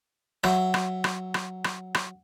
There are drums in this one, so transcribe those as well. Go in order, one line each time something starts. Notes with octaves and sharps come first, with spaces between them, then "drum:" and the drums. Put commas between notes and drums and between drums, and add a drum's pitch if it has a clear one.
F#3 E5, drum: rim click
drum: rim click
drum: rim click
drum: rim click
drum: rim click
drum: rim click